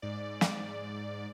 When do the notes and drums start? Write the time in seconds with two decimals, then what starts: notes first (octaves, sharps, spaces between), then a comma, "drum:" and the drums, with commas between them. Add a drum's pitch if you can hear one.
0.02 G#2 D5
0.41 drum: snare